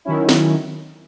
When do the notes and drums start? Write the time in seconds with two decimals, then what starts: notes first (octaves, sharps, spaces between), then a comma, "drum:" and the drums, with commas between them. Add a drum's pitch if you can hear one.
0.05 D#3 F#3 C#4 E4
0.29 drum: snare